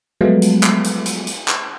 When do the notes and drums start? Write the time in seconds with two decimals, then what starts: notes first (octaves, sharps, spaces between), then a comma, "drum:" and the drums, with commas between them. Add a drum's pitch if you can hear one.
0.21 F3 F#3 G#3 A3 B3 F4
0.42 drum: hi-hat
0.63 drum: clap
0.84 drum: hi-hat
1.06 drum: hi-hat
1.27 drum: hi-hat
1.48 drum: clap